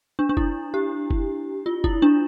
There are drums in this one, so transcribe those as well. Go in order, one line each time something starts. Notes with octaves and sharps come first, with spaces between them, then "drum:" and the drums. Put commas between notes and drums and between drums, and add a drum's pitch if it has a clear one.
D4
D4
E4, drum: kick F#1
G4
drum: kick F#1
F4
E4, drum: kick F#1
D4